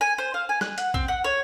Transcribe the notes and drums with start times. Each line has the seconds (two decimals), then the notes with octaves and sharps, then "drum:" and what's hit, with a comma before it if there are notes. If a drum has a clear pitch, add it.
0.01 G#5
0.18 C5
0.34 F5
0.49 G#5
0.61 F#6, drum: snare
0.78 F#5, drum: hi-hat
0.94 C4, drum: kick
1.08 F#5
1.24 C#5